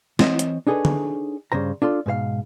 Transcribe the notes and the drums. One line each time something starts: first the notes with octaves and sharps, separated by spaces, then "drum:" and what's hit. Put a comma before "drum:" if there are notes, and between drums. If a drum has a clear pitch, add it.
E3 C4 C#5 D#5, drum: snare
drum: hi-hat
D4 D#4 G#4 A4 B4 C#5
drum: tom
G2 C#3 C5 A#5
D4 F4 A4 C6
G#2 B2 C5 F5